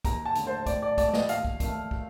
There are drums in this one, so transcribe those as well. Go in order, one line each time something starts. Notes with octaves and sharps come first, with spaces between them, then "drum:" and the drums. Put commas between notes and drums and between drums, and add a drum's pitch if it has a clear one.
D#2 A#5, drum: kick, hi-hat
A5
D3 A3, drum: hi-hat
C5
A2 D5, drum: kick, hi-hat
D5
A3 D5, drum: kick, hi-hat
D5
D#5, drum: snare
D#2 F5, drum: hi-hat
drum: kick
D#3 A3, drum: kick, hi-hat
drum: kick